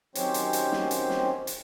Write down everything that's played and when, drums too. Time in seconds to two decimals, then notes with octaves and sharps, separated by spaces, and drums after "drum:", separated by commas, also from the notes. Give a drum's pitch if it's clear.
0.15 D#3 F#3 C4 C#4 G4 C5, drum: hi-hat
0.34 drum: hi-hat
0.53 drum: hi-hat
0.72 drum: snare
0.91 drum: hi-hat
1.10 drum: snare
1.47 drum: hi-hat